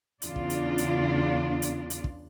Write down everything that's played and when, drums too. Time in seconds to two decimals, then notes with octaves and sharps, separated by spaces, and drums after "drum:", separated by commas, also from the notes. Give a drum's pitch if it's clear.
0.22 E2 C#3 D4 F4 D5, drum: hi-hat
0.36 drum: kick
0.50 drum: hi-hat
0.78 drum: hi-hat
1.62 drum: hi-hat
1.90 drum: hi-hat
2.04 drum: kick